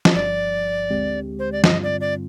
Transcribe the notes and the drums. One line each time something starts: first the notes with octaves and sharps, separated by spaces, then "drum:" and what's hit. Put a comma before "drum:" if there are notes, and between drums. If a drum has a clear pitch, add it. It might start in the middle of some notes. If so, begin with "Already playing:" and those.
drum: snare
G1 G2 F3 D5
D2 D3 G#3 C4 G4
C5
D5
G2 D3 G3 C4 F4 D#5, drum: snare
D5
D5